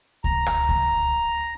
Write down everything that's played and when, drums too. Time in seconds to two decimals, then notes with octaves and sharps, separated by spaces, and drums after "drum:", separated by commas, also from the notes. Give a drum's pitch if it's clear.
0.24 A#5, drum: kick C#2
0.46 drum: rim click
0.69 drum: kick C#2